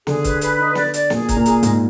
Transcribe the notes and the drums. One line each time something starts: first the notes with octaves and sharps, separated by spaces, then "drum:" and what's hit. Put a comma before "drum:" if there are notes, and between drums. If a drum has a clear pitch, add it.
D3 G#4, drum: snare
B4, drum: kick C#1, hi-hat
B4, drum: hi-hat
D#4
D5, drum: snare
D5, drum: hi-hat
A#2 G#4, drum: snare
A#5, drum: kick C#1, hi-hat
A#2
G#4, drum: hi-hat
G#2 D#5, drum: hi-hat